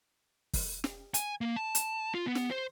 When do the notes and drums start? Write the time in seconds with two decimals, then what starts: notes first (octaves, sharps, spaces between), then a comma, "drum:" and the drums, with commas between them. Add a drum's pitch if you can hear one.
0.53 drum: kick, open hi-hat
0.84 drum: snare
1.14 G#5, drum: hi-hat
1.41 A#3
1.56 A5
1.75 drum: hi-hat
2.15 F4
2.26 B3
2.35 drum: snare
2.51 C5